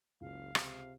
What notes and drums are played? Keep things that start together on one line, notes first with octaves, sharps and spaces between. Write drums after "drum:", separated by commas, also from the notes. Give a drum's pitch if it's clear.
F#1 C#2 F5
C3, drum: rim click